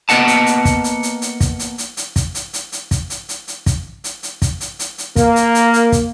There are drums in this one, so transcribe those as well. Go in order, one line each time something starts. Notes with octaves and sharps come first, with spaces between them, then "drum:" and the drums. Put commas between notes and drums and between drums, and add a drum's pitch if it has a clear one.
A#3 B3 B4 D#5 F#5 A5, drum: hi-hat
drum: hi-hat
drum: hi-hat
drum: kick, hi-hat
drum: hi-hat
drum: hi-hat
drum: hi-hat
drum: kick, hi-hat
drum: hi-hat
drum: hi-hat
drum: hi-hat
drum: kick, hi-hat
drum: hi-hat
drum: hi-hat
drum: hi-hat
drum: kick, hi-hat
drum: hi-hat
drum: hi-hat
drum: hi-hat
drum: kick, hi-hat
drum: hi-hat
drum: hi-hat
drum: kick, hi-hat
drum: hi-hat
drum: hi-hat
drum: hi-hat
A#3, drum: kick, hi-hat
drum: hi-hat
drum: hi-hat
drum: hi-hat
drum: kick, hi-hat